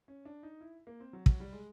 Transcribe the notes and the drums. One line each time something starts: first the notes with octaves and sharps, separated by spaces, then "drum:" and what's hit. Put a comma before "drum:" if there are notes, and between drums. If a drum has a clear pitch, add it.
C#4
D4
D#4
E4
A#3
C4
F#3
F#3, drum: kick
G3
G#3